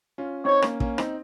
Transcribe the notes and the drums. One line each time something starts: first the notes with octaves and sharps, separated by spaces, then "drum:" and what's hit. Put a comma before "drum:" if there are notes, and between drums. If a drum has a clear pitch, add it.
C#4 F4
C4 D#4 C#5
A#3 C#4, drum: rim click
A#3 C#4, drum: kick
C4 D#4, drum: rim click